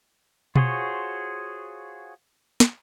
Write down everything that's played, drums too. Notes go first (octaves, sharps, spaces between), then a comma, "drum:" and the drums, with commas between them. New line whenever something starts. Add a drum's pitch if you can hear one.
F4 F#4 G#4 C5 C#5, drum: tom B2
drum: snare